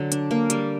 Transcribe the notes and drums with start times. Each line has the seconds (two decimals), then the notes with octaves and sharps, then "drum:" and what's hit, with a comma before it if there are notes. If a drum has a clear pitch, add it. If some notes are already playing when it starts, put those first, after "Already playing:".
Already playing: D3 F#3
0.12 D4, drum: hi-hat
0.31 A#3
0.50 G3, drum: hi-hat